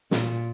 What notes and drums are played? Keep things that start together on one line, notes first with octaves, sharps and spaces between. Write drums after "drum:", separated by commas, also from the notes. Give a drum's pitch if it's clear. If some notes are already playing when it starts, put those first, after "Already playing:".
A#2, drum: snare